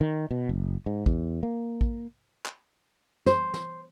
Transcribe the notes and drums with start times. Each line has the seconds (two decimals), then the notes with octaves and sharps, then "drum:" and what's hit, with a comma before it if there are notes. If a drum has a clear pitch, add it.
0.01 D#3
0.31 B2
0.49 F#1
0.86 G#2
1.06 E2, drum: kick
1.43 A#3
1.81 drum: kick
2.46 drum: clap
3.26 C5, drum: snare
3.54 drum: snare